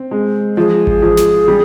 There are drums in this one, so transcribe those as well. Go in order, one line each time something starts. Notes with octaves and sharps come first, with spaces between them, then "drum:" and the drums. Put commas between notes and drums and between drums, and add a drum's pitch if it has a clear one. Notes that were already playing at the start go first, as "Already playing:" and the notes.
Already playing: C4
G#3
F3 G#4
drum: kick G#1
F3
drum: snare
G3